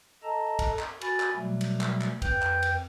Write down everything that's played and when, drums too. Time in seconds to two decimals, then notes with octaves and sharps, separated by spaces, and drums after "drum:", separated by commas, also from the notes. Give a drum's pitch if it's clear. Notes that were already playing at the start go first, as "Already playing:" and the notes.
0.23 A4 D#5 A5 A#5
0.59 drum: kick, cymbal
0.79 drum: clap
1.01 F#4 G#5 B5 A6, drum: cymbal
1.20 drum: clap
1.35 B2 F#3 G3 A3
1.61 drum: cymbal
1.81 drum: clap
2.01 drum: clap
2.22 F2 B4 G5 G6, drum: kick, cymbal
2.42 drum: clap
2.63 drum: cymbal